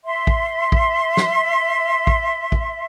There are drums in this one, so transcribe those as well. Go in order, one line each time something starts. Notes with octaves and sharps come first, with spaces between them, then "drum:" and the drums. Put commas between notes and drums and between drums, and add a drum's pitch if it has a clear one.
E5 C6
drum: kick
drum: kick
drum: snare
drum: kick
drum: kick